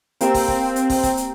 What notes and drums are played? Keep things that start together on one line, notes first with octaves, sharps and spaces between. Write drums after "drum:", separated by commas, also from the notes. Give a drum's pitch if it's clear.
A#3 C4 G4 E6, drum: hi-hat
drum: kick, open hi-hat
drum: kick
drum: hi-hat
drum: kick, open hi-hat
drum: kick, hi-hat
drum: hi-hat